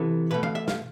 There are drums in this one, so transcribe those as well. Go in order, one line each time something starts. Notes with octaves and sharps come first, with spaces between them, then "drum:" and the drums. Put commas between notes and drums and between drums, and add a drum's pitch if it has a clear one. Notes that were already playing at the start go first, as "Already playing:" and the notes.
Already playing: C3 E3 B3 A4
B2 A3 B4
F5, drum: tom E3
E5
F5, drum: snare